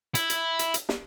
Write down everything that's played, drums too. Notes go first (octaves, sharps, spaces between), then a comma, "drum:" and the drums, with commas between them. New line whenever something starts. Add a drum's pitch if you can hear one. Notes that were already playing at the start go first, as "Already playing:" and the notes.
E4, drum: hi-hat
drum: hi-hat
drum: hi-hat
drum: hi-hat
drum: snare